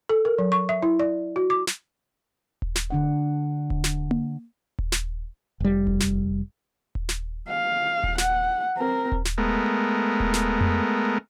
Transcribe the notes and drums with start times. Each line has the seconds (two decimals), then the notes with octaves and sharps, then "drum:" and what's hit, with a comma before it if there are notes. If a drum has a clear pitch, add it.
0.09 A4
0.25 A#4
0.38 F#3
0.52 C#6
0.69 E5
0.83 E4
0.99 D5
1.36 F#4
1.50 D6
1.67 drum: snare
2.62 drum: kick D#1
2.75 drum: snare
2.90 D3 D4 F#5
3.70 drum: kick D#1
3.84 drum: snare
4.11 drum: tom A#3
4.79 drum: kick D#1
4.92 drum: snare
5.60 F1 G3
5.87 drum: kick D#1
6.00 drum: snare
6.95 drum: kick D#1
7.09 drum: snare
7.49 F5
8.03 drum: kick D#1
8.18 F#5, drum: snare
8.77 C4 A#4
9.12 drum: kick D#1
9.25 drum: snare
9.38 G#3 A3 B3 A#4
10.20 drum: kick D#1
10.34 drum: snare
10.61 drum: tom F2